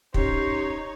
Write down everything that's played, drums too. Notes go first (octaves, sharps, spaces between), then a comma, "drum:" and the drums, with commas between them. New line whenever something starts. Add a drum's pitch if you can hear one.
C#4 D#4 G4 C5 C#5, drum: kick